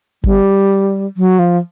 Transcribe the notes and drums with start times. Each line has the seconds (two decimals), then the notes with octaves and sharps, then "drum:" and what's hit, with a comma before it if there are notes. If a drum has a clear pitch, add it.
0.24 G3, drum: kick G1
1.17 F#3
1.39 F3